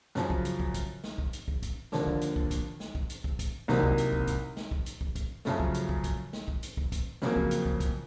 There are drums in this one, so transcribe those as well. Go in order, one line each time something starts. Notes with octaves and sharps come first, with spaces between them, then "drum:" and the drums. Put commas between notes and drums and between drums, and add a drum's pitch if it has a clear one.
F#2 C#3 F3, drum: snare
drum: kick
drum: hi-hat
drum: kick
drum: kick, hi-hat
drum: snare
drum: kick
drum: hi-hat
drum: kick
drum: kick, hi-hat
D#2 D3 F3 A#3 D4, drum: snare
drum: kick
drum: hi-hat
drum: kick
drum: kick, hi-hat
drum: snare
drum: kick
drum: hi-hat
drum: kick
drum: kick, hi-hat
C2 C3 D#3 F#3 A#3, drum: snare
drum: kick
drum: hi-hat
drum: kick
drum: kick, hi-hat
drum: snare
drum: kick
drum: hi-hat
drum: kick
drum: kick, hi-hat
F#2 C#3 F3 A3, drum: snare
drum: kick
drum: hi-hat
drum: kick
drum: kick, hi-hat
drum: snare
drum: kick
drum: hi-hat
drum: kick
drum: kick, hi-hat
F2 C#3 F#3 A#3, drum: snare
drum: kick
drum: hi-hat
drum: kick
drum: kick, hi-hat